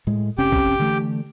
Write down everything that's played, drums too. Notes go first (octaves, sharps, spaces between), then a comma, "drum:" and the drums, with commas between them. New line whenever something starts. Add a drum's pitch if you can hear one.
A2 G#3
F1 C3 C#4 G4 G5
drum: kick A#1
D3 E3 A3